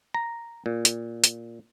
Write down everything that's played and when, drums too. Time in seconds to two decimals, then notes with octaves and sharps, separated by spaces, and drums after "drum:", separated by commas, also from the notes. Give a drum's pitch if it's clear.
0.14 A#5
0.66 A#2
0.85 drum: hi-hat
1.24 drum: hi-hat